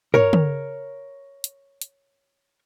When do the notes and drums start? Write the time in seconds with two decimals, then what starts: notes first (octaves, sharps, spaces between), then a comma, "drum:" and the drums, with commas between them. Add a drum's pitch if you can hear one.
0.14 A#4 C#5, drum: tom
0.33 drum: tom
1.44 drum: hi-hat
1.82 drum: hi-hat